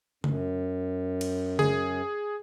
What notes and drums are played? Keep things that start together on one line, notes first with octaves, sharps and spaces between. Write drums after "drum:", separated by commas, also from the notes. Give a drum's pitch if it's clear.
F#2, drum: tom C#3
drum: cymbal
G#4, drum: tom C#3